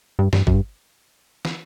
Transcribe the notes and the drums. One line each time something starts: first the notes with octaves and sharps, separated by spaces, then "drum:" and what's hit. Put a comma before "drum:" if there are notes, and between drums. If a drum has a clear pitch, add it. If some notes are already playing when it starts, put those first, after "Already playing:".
G2
G2, drum: snare
F#2, drum: kick G#1
G2
drum: snare